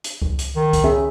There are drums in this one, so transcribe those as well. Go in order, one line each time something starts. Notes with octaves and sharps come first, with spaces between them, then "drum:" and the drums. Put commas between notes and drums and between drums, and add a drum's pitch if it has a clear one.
drum: hi-hat
drum: kick C#2
drum: hi-hat
D#3
drum: kick C#2, hi-hat
C#4 G#4 E5